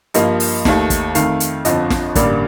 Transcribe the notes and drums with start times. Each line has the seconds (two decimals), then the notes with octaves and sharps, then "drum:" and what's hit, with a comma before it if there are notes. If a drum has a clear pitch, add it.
0.14 G2 F3 A#3 D#5, drum: hi-hat
0.40 drum: open hi-hat
0.65 D#2 D#3 A3, drum: snare
0.90 drum: kick G1, hi-hat
1.15 F2 D#3 A3 F5, drum: hi-hat
1.40 drum: hi-hat
1.65 G1 F2 D3 F3 D#5, drum: hi-hat
1.90 drum: snare
2.15 A1 G2 D3 G3 A#3 D5, drum: kick G1, hi-hat